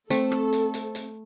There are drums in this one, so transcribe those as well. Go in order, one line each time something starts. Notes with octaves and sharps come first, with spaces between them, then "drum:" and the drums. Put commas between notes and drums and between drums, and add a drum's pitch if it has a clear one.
A3 C4 A4, drum: hi-hat
drum: rim click
drum: hi-hat
drum: hi-hat
drum: hi-hat